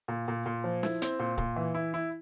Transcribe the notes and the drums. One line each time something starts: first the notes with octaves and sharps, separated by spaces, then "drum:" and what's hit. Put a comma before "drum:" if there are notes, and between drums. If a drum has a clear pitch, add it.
A#2
A#2
A#2
F3
E4, drum: snare
C4, drum: hi-hat
A#2
A#2, drum: kick C#1
E3
E4
E4